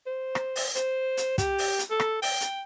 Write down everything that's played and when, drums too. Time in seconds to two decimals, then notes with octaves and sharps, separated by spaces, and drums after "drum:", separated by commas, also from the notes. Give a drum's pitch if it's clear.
0.06 C5
0.35 drum: rim click
0.56 drum: open hi-hat
0.75 C5, drum: hi-hat
1.17 drum: hi-hat
1.38 G4, drum: kick, hi-hat
1.58 drum: open hi-hat
1.79 drum: hi-hat
1.91 A4
2.00 drum: rim click
2.22 G5, drum: open hi-hat
2.41 drum: hi-hat